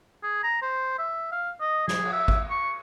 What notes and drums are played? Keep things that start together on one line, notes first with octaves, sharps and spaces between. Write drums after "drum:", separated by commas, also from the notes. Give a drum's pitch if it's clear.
G#4
A#5
C5
E5
F5
D#5
G#4, drum: snare
drum: cymbal
E5
drum: kick G#1
C#6